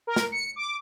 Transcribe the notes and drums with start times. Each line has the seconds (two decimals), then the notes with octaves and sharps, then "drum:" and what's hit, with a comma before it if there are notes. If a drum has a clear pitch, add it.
0.07 A#4
0.16 drum: snare
0.32 C#7
0.56 D6